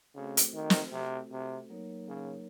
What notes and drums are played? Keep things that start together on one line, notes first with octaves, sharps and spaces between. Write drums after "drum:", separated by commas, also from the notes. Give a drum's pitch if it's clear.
C#3 A3 C4 F#4 A4 C5
drum: hi-hat
D#3
drum: snare
C3
C3
F#3 A#3 D#4 A#4 C#5
C#3